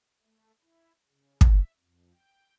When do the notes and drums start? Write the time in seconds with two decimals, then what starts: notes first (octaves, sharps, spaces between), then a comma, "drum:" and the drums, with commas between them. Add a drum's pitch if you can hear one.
0.22 A3
0.62 E4
1.07 C#3
1.41 E5, drum: kick
1.78 F2
2.13 G5